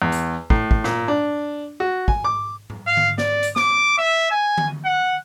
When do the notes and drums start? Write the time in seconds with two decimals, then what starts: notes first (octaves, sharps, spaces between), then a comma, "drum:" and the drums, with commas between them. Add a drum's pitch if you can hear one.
0.02 E2
0.12 drum: hi-hat
0.50 A2, drum: kick
0.71 drum: kick
0.84 A#2, drum: snare
1.08 D4
1.80 F#4
2.08 G#5, drum: kick
2.24 D6
2.70 drum: tom G#2
2.87 F5
2.97 drum: tom D3
3.18 D5, drum: snare
3.43 drum: hi-hat
3.56 D6, drum: snare
3.98 E5
4.31 G#5
4.58 drum: tom D3
4.85 F#5